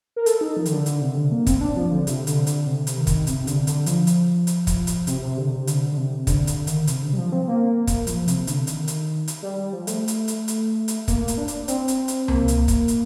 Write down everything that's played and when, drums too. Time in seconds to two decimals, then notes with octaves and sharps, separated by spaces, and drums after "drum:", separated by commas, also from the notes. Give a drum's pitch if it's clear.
0.16 A#4
0.26 A4, drum: hi-hat
0.41 D#4
0.57 F3
0.66 D#3, drum: hi-hat
0.71 D3
0.86 D3, drum: hi-hat
1.01 C3
1.17 D3
1.32 A#3
1.47 C4, drum: kick, hi-hat
1.61 D4
1.77 F3
1.92 D3
2.07 C3, drum: hi-hat
2.27 D3, drum: hi-hat
2.47 D3, drum: hi-hat
2.67 C3
2.87 drum: hi-hat
2.97 D#3
3.07 drum: kick, hi-hat
3.27 C3, drum: hi-hat
3.41 C3
3.47 D3, drum: hi-hat
3.67 D3, drum: hi-hat
3.86 F3, drum: hi-hat
4.07 drum: hi-hat
4.47 drum: hi-hat
4.67 drum: kick, hi-hat
4.87 drum: hi-hat
5.07 C3, drum: hi-hat
5.22 C3
5.37 D3
5.52 C3
5.67 D3, drum: hi-hat
5.92 D3
5.97 C3
6.27 D3, drum: kick, hi-hat
6.47 D3, drum: hi-hat
6.67 D#3, drum: hi-hat
6.87 C3, drum: hi-hat
7.02 D3
7.13 G3
7.18 F3
7.32 C4
7.48 A#3
7.87 drum: kick, hi-hat
8.07 F3, drum: hi-hat
8.28 C3, drum: hi-hat
8.47 D3, drum: hi-hat
8.67 D#3, drum: hi-hat
8.88 drum: hi-hat
9.28 drum: hi-hat
9.42 G3
9.58 G3
9.73 F3
9.87 A3, drum: hi-hat
10.08 drum: hi-hat
10.28 drum: hi-hat
10.48 drum: hi-hat
10.88 drum: hi-hat
11.08 A#3, drum: kick, hi-hat
11.28 drum: hi-hat
11.38 D4
11.48 drum: hi-hat
11.68 C4, drum: hi-hat
11.88 drum: hi-hat
12.08 drum: hi-hat
12.28 A#3, drum: tom C#2
12.48 drum: hi-hat
12.68 drum: kick, hi-hat
12.88 drum: hi-hat